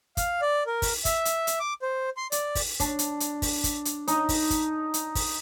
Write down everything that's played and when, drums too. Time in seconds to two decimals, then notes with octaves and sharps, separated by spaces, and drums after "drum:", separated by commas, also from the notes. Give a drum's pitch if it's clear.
0.17 F5, drum: kick, hi-hat
0.42 D5
0.66 A#4
0.82 drum: kick, open hi-hat
1.05 E5, drum: kick, hi-hat
1.25 drum: hi-hat
1.47 drum: hi-hat
1.60 D6
1.82 C5
2.17 C6
2.32 D5, drum: hi-hat
2.55 drum: kick, open hi-hat
2.80 D4, drum: kick, hi-hat
2.99 drum: hi-hat
3.20 drum: hi-hat
3.42 drum: kick, open hi-hat
3.64 drum: kick, hi-hat
3.85 drum: hi-hat
4.08 D#4, drum: hi-hat
4.29 drum: kick, open hi-hat
4.50 drum: kick, hi-hat
4.94 drum: hi-hat
5.15 drum: kick, open hi-hat